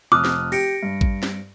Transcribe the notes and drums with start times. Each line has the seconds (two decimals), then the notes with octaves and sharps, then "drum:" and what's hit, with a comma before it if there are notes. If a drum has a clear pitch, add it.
0.12 F1 D6 D#6 F6 F#6
0.25 drum: snare
0.52 G4 A#6 C#7 D7, drum: open hi-hat
0.83 G2
1.01 drum: kick A1
1.23 drum: snare